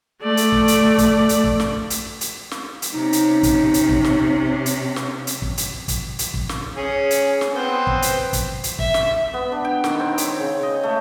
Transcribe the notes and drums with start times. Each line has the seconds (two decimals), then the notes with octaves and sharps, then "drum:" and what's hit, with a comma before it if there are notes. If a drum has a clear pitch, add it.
0.21 A3 D5
0.37 drum: hi-hat
0.53 drum: kick
0.68 drum: hi-hat
0.98 drum: kick, hi-hat
1.29 drum: hi-hat
1.44 drum: kick
1.60 drum: snare
1.90 drum: hi-hat
2.21 drum: hi-hat
2.51 drum: snare
2.82 drum: hi-hat
2.94 C3 C#4 D#4
3.13 drum: hi-hat
3.43 drum: kick, hi-hat
3.74 drum: hi-hat
3.89 drum: kick
4.04 drum: snare
4.66 drum: hi-hat
4.96 drum: snare
5.27 drum: hi-hat
5.42 drum: kick
5.58 drum: hi-hat
5.88 drum: kick, hi-hat
6.19 drum: hi-hat
6.34 drum: kick
6.49 drum: snare
6.76 C#4 G#4
7.11 drum: hi-hat
7.41 drum: snare
7.55 B3 C4 C5
7.87 drum: kick
8.02 drum: hi-hat
8.33 drum: kick, hi-hat
8.64 drum: hi-hat
8.79 E5, drum: kick
8.94 drum: snare
9.34 B3
9.52 D4
9.65 G5
9.84 D#3, drum: snare
10.00 C4
10.18 C#5, drum: hi-hat
10.40 C#3
10.63 D#5
10.83 A3